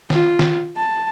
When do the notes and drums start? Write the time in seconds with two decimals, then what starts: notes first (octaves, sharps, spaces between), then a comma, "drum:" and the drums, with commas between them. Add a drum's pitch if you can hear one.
0.10 F4, drum: snare
0.39 drum: snare
0.77 A5